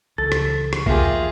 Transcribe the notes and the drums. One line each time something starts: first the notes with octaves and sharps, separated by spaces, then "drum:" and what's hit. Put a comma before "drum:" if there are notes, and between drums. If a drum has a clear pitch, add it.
C#2 E3 A4 A6
drum: rim click
drum: rim click
E2 A#3 F4 G4 G#4 E5, drum: kick B1